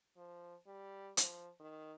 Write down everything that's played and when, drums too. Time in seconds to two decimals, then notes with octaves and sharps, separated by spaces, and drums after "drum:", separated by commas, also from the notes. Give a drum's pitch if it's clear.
0.17 F3
0.67 G3
1.17 F3, drum: hi-hat
1.60 D#3